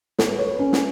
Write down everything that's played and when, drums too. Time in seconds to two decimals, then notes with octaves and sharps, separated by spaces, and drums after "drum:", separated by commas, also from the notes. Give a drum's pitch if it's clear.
0.18 A4, drum: snare
0.28 B4
0.39 C#5
0.49 B4
0.59 C#4
0.73 drum: snare